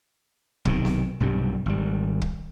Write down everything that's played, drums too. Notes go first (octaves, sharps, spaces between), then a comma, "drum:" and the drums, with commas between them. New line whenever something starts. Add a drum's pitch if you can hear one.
B1 C3 D#3, drum: kick
drum: snare B3
B1 G2 C3 G3
G#1 G3
drum: kick